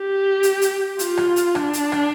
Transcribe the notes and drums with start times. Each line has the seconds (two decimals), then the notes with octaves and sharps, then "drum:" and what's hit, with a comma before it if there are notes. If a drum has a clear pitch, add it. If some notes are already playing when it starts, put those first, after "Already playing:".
Already playing: G4
0.43 drum: hi-hat
0.61 drum: hi-hat
0.99 F4, drum: hi-hat
1.17 drum: rim click
1.36 drum: hi-hat
1.55 D4, drum: rim click
1.73 drum: hi-hat
1.92 drum: rim click